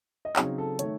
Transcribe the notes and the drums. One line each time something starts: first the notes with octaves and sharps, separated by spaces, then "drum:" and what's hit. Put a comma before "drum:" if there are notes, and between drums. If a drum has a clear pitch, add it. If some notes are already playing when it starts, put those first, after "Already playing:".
D#5
C#3 F#3 C4 D#4 C#5, drum: clap
A4
D#3 A3 C#5, drum: hi-hat